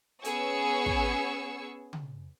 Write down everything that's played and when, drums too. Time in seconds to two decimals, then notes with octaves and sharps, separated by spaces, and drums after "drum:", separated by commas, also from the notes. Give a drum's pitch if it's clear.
0.24 B3 C#4 G#4 C#5 C#6 E6, drum: hi-hat
0.86 drum: kick
1.93 drum: tom C#3